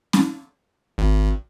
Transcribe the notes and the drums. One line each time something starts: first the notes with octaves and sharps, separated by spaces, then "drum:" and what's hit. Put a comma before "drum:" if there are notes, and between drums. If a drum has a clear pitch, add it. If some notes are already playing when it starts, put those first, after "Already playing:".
drum: snare C#4
G#1